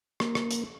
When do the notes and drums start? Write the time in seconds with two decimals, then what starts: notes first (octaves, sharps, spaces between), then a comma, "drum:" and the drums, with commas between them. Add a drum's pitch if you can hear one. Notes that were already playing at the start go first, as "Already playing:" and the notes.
0.20 A#3, drum: rim click
0.35 drum: rim click
0.51 drum: hi-hat